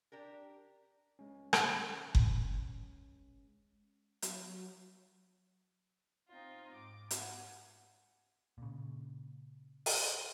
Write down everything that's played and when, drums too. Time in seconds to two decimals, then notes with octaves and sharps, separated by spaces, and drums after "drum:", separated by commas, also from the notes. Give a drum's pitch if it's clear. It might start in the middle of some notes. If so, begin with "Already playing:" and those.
0.12 D4 G4 A#4
1.19 G#3 C#4
1.53 drum: rim click
2.15 drum: kick F#1
4.22 F#3, drum: hi-hat
6.28 C4 D#4 F4
6.74 G#2 D6
7.11 F#5 G#5, drum: hi-hat
8.58 A#2 C#3
9.86 drum: open hi-hat